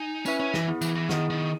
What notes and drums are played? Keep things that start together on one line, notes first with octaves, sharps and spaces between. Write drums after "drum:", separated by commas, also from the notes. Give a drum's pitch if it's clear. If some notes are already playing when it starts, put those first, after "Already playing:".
Already playing: D#4 G#5
C#4 E4 B4 E5 G#5, drum: tambourine
C#4
E3, drum: snare
B3 E4 G#4
E3, drum: tambourine
E3
D#3 B3 E4 G#4, drum: snare
D#3